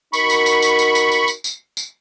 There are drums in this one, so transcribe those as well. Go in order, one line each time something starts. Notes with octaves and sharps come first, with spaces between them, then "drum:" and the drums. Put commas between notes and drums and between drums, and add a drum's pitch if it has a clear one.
D#4 F#4 A#4 B5 C#6, drum: tambourine
drum: tambourine
drum: tambourine
drum: tambourine
drum: tambourine
drum: tambourine
drum: tambourine
drum: tambourine
drum: tambourine
drum: tambourine